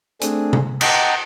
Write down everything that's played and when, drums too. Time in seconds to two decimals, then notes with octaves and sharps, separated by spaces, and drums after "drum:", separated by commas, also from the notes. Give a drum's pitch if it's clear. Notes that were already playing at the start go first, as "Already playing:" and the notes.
0.21 A3 C4 D4 G#4, drum: hi-hat
0.53 drum: tom C3
0.81 D#5 F#5 G5 A5 A#5, drum: cymbal